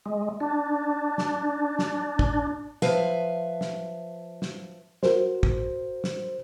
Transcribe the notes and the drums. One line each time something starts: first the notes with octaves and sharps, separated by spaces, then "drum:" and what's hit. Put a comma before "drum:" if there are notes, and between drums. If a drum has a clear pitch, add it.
G#3
D4
drum: snare
drum: snare
drum: kick
F3 B4 E5 F5, drum: snare
drum: snare
drum: snare
F#4 A#4 C5, drum: snare
drum: kick
drum: snare